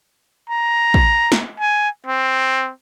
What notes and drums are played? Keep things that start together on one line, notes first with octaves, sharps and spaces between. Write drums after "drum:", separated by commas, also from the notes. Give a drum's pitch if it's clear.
A#5
drum: kick
drum: snare
G#5
C4